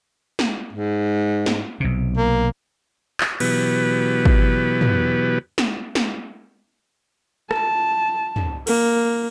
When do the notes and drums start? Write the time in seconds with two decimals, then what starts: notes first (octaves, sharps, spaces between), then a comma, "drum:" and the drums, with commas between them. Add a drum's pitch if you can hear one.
0.39 drum: snare
0.73 G#2
1.46 drum: snare
1.80 B1 C3
2.17 A#3
3.21 drum: clap
3.40 B2 E3 F#3 B3 G4 B4, drum: cymbal
4.26 drum: kick
4.81 drum: tom
5.58 drum: snare
5.95 drum: snare
7.51 A5, drum: rim click
8.36 drum: tom
8.67 A#3, drum: cymbal